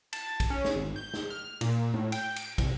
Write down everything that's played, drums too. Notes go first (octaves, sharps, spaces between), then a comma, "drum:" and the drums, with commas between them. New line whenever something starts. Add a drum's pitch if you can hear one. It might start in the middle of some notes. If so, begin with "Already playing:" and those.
A5, drum: cymbal
drum: kick, cymbal
C#4
drum: snare
G#1
G6
drum: snare
F6
A#2, drum: cymbal
A2
G5, drum: cymbal
D7, drum: cymbal
C2, drum: kick, cymbal